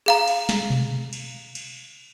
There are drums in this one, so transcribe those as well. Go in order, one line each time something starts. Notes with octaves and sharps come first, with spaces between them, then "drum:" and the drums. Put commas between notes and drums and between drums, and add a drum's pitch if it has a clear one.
G#4 F5 A#5
drum: cymbal
drum: snare
drum: tom B2
drum: cymbal
drum: cymbal